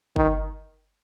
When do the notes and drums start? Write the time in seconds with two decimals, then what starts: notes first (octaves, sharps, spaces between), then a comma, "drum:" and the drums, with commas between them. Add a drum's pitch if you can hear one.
0.16 D#3, drum: kick G1